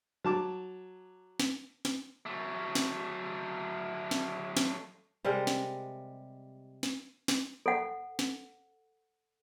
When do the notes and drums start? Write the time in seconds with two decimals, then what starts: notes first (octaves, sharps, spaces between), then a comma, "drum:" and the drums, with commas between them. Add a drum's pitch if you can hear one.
0.24 F#3 A5 D6
1.40 drum: snare
1.85 drum: snare
2.26 F#3 A3
2.75 drum: snare
4.11 drum: snare
4.57 drum: snare
5.25 C3 G3 G#3 A#4
5.47 drum: snare
6.83 drum: snare
7.28 drum: snare
7.66 A4 F#5
8.19 drum: snare